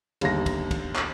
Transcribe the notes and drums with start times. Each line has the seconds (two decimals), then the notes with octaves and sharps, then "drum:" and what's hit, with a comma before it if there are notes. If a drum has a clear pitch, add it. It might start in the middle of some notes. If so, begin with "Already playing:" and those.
0.21 G1 D#2 A#6, drum: cymbal
0.46 drum: kick, cymbal
0.71 drum: kick, cymbal
0.96 drum: clap